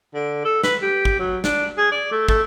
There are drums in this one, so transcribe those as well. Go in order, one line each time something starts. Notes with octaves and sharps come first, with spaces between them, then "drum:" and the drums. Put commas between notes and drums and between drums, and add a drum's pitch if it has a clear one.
D3
A4
B4, drum: snare
G4
drum: kick
F#3
D4, drum: snare
G#4
D5
A3
A3, drum: kick